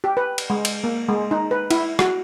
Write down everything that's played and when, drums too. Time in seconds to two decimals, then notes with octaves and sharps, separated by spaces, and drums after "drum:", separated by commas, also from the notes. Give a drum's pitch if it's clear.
0.04 G4
0.17 B4
0.38 drum: cymbal
0.50 G#3
0.65 drum: cymbal
0.84 A#3
1.08 G#3
1.31 D#4
1.51 B4
1.71 E4, drum: cymbal
1.99 F#4, drum: rim click